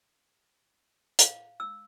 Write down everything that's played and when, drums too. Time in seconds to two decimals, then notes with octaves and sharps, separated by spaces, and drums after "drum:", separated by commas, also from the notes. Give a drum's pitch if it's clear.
1.19 F5, drum: hi-hat
1.60 E6